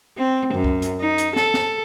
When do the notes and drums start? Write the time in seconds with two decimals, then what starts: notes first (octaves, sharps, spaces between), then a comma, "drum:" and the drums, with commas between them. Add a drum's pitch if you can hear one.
0.18 C4
0.54 F#2
0.64 drum: kick
0.82 drum: hi-hat
1.00 D#4
1.18 drum: hi-hat
1.36 A4, drum: snare
1.54 drum: snare